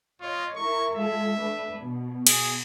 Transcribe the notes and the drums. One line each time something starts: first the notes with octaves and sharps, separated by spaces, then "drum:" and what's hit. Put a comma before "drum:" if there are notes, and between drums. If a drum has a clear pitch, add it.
F4 C#5 D#5
E4 A#4 C#6
G#3 F4 A4 E5
A3 D4 B4
B2
G#4, drum: cymbal